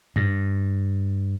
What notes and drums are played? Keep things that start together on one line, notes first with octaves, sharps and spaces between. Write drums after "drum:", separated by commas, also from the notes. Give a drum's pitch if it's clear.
G2, drum: tom